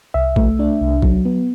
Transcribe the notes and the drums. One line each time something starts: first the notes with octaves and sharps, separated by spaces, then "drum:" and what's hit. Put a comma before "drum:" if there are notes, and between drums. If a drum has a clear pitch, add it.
C2 E5
A3, drum: kick
D4
C2
F#3, drum: kick
B3